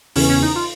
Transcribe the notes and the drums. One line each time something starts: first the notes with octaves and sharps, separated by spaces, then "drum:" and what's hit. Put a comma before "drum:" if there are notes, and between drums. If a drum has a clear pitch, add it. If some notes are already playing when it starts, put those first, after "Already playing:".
E2 C#3 E3 C#4, drum: open hi-hat
C#4
D#4
F4